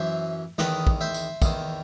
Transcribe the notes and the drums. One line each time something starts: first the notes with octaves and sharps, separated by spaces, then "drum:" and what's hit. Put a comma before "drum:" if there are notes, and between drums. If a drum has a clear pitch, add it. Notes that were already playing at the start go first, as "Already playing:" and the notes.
Already playing: F#2 E3 C5 E5
E2 D#3 B4 D#5, drum: snare
drum: kick
C5 E5
drum: tambourine
E2 D#3, drum: kick, tambourine